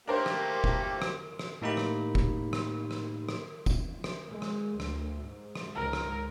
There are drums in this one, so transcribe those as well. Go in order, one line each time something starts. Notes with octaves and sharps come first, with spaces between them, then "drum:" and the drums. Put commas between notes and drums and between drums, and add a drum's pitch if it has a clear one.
A3 A#3 D4 G4 A#4 C5 G5
drum: rim click
drum: kick F1
drum: rim click
drum: rim click
A2 A#3 D#4 G4 B5
drum: rim click
drum: kick F1
drum: rim click
drum: rim click
drum: rim click
drum: kick F1, tambourine
drum: rim click
G#3
drum: rim click
D2, drum: rim click
G#2
drum: rim click
C#2 G#2 A#4
drum: rim click